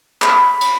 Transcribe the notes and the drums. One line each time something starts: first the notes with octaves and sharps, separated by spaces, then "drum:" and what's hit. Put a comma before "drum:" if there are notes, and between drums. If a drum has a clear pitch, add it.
B5, drum: clap
drum: cymbal